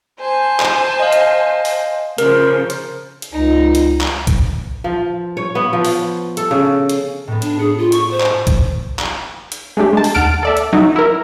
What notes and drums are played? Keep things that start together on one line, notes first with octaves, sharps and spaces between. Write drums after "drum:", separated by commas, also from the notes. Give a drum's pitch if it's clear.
C5 G#5 A5
drum: clap
D#5 F5
drum: hi-hat
drum: open hi-hat
C#3 F3 A#4, drum: hi-hat
drum: hi-hat
drum: hi-hat
C#2 D#4
drum: hi-hat
drum: clap
drum: kick, hi-hat
F3
C#5
B3
F3
drum: open hi-hat
A4, drum: hi-hat
C#3
drum: hi-hat
A2 B3
D4, drum: hi-hat
G#4 C#7
F4
C#6, drum: hi-hat
C5
drum: clap
drum: kick, hi-hat
drum: clap
drum: hi-hat
G#3 A3 D4 G4
G#3 A5
drum: open hi-hat
D#2 F#5 A5 F6 D7
A4 D5 E5
drum: hi-hat
F#3 D#4 E4
E4 A#4